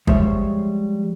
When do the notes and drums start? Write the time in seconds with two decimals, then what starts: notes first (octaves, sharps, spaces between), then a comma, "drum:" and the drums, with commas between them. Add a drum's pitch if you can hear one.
0.07 F3 G3 G#3 C5 C#5 E5, drum: kick